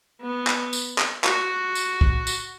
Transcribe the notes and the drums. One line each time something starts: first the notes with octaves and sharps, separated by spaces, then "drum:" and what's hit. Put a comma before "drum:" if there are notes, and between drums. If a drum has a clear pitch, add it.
B3
drum: clap
drum: tambourine
drum: clap
F#4, drum: clap
drum: tambourine
drum: kick
drum: tambourine